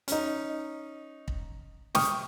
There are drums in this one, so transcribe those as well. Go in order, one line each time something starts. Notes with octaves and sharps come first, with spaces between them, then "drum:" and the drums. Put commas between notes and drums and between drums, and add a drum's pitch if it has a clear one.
C#4 D#4, drum: hi-hat
drum: kick
G5 C#6 D#6 F6, drum: snare